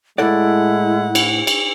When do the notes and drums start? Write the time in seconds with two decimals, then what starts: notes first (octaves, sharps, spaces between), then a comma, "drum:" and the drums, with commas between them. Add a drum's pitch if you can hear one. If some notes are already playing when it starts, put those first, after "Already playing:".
0.18 A2 G#3 E4 A4 D5 F#5
1.15 drum: cymbal
1.47 drum: cymbal